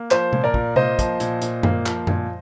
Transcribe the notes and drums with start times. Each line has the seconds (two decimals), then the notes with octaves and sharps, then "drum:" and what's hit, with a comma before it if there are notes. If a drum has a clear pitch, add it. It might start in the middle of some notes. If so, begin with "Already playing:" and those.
Already playing: A#3
0.11 F3 C5, drum: clap
0.33 A#2, drum: tom C3
0.44 A#4 D5
0.54 A#2, drum: kick
0.76 A#3 C5 D#5, drum: tom C3
0.99 F3, drum: kick, hi-hat
1.20 A#2, drum: hi-hat
1.42 A#2, drum: hi-hat
1.63 A#3, drum: tom F#2
1.86 F3, drum: clap
2.07 A#2, drum: tom F#2